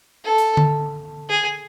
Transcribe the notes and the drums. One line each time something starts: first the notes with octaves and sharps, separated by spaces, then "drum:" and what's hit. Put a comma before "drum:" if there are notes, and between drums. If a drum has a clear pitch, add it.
A4
drum: hi-hat
drum: tom D3
G#4